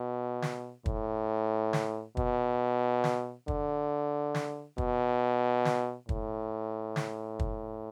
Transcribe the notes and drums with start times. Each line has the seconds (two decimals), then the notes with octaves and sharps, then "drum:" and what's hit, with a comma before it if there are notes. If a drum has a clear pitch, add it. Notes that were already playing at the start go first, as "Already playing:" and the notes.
Already playing: B2
0.42 drum: snare
0.86 A2, drum: kick
1.73 drum: snare
2.17 B2, drum: kick
3.04 drum: snare
3.48 D3, drum: kick
4.34 drum: snare
4.78 B2, drum: kick
5.65 drum: snare
6.09 A2, drum: kick
6.96 drum: snare
7.39 drum: kick